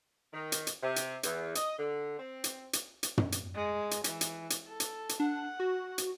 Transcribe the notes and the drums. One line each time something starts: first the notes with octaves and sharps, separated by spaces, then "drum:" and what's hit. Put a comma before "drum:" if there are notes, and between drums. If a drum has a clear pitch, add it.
D#3
drum: hi-hat
drum: hi-hat
C3
drum: hi-hat
E2, drum: hi-hat
D#5, drum: hi-hat
D3
C4
drum: hi-hat
drum: hi-hat
drum: hi-hat
drum: tom
drum: hi-hat
G#3
drum: hi-hat
E3, drum: hi-hat
drum: hi-hat
drum: hi-hat
A4
drum: hi-hat
drum: hi-hat
D4 F#5
F#4
drum: hi-hat